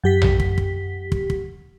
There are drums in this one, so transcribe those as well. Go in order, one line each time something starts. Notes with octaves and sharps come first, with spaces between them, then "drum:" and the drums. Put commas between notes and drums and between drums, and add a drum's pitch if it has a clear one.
F#2 G4 B6
drum: tom A#1
drum: kick
drum: kick
drum: kick
drum: kick